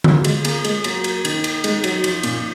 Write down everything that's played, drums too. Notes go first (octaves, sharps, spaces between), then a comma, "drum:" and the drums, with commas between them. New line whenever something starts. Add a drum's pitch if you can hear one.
F#3 F4, drum: tom D3
G#3, drum: cymbal
A#3 G#4, drum: cymbal
G#3, drum: cymbal
F#3 A#3, drum: cymbal
drum: cymbal
D#3, drum: cymbal
drum: cymbal
G#3 D#4, drum: cymbal
F#3, drum: cymbal
F3, drum: cymbal
A#2, drum: cymbal